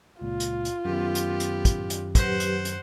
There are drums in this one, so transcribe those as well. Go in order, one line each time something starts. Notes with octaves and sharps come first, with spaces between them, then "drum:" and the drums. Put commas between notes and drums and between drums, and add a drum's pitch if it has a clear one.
C#2 A#2 F4
drum: hi-hat
drum: hi-hat
F#2 D#3 B3 G4
drum: hi-hat
drum: hi-hat
drum: kick, hi-hat
drum: hi-hat
F#3 G4 B4 C5 F#5, drum: kick, hi-hat
drum: hi-hat
drum: hi-hat